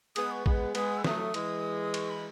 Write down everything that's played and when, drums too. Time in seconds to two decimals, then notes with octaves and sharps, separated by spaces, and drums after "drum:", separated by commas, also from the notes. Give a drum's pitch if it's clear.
0.16 G#3 B3 D#6, drum: cymbal
0.31 C#6
0.46 G#3 B3, drum: kick A1
0.75 G#3 B3 D#6, drum: cymbal
0.97 E6
1.04 F#3 A3 D#6, drum: snare
1.34 E3 G#3, drum: cymbal
1.94 C#6, drum: cymbal
2.09 B5